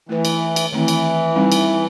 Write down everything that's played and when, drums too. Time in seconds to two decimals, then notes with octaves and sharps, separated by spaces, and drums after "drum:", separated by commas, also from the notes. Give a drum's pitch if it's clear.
0.09 E3 A3 E4 B4
0.25 drum: cymbal
0.56 drum: cymbal
0.72 D#3 E3 A3 C4
0.88 drum: cymbal
1.36 G3 C4 D#4
1.52 drum: cymbal